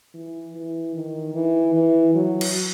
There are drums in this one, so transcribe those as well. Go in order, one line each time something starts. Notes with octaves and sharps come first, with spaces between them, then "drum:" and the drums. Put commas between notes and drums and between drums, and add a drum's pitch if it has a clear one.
E3
E3
D#3
E3
E3
F#3
drum: cymbal